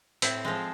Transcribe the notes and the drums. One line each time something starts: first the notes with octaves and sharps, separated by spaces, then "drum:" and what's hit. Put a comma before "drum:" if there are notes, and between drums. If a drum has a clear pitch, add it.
A2 C4, drum: hi-hat
F3 G#3